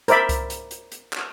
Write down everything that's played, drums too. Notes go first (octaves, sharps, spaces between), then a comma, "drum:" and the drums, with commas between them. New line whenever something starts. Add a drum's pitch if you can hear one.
A#4 C5 D5 E5 B5, drum: hi-hat
drum: kick C2, hi-hat
drum: hi-hat
drum: hi-hat
drum: hi-hat
drum: clap